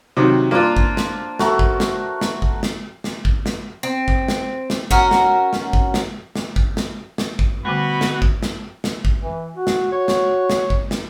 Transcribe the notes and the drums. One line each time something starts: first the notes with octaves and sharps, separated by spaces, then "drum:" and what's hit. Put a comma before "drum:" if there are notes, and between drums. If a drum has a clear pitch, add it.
C3 D#3 F#3
A#3 D4 F4 C5 D5
drum: kick A1
drum: snare
A3 F#4 A#4, drum: snare
drum: kick A1
drum: snare
drum: snare
drum: kick A1
drum: snare
drum: snare
drum: kick A1
drum: snare
C4
drum: kick A1
drum: snare
drum: snare
C#4 F#4 A#4, drum: kick A1
drum: snare
drum: snare
drum: kick A1
drum: snare
drum: snare
drum: kick A1
drum: snare
drum: snare
drum: kick A1
B2 D3 G3 A3 F#4 B5
drum: snare
drum: kick A1
drum: snare
drum: snare
drum: kick A1
E3
F#4
drum: snare
F#4 C#5
drum: snare
drum: snare
drum: kick A1
drum: snare